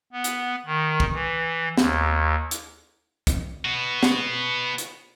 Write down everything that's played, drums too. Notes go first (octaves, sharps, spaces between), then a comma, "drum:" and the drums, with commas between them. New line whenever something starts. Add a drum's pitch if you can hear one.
B3
drum: hi-hat
D#3
drum: kick
E3
D#2, drum: snare
drum: hi-hat
drum: kick, hi-hat
B3 F#4
drum: snare
drum: hi-hat